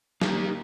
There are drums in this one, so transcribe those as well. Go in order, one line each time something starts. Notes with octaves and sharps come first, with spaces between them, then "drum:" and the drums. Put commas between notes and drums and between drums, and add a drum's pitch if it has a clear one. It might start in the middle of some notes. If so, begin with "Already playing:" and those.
A#3 D#4 G4, drum: snare F#3